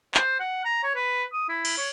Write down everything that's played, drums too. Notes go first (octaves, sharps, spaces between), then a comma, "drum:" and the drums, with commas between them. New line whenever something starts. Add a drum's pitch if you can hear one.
C5, drum: clap
F#5
A#5
C#5
B4
D#6
E4
drum: cymbal
C#5